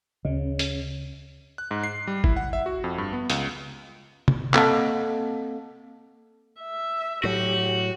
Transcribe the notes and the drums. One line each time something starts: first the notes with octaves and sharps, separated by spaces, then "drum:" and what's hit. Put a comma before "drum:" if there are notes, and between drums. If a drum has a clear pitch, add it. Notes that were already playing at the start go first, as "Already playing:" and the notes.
D2 C#3
drum: hi-hat
F#6
G#2
C7
G3
E4, drum: kick G#1
F#5
E5
F#4
F2
G2
B3
C#2, drum: hi-hat
drum: tom
A#3 C4 A4 F5 F#5 A5, drum: clap
E5
A2 F#3 F#4 G4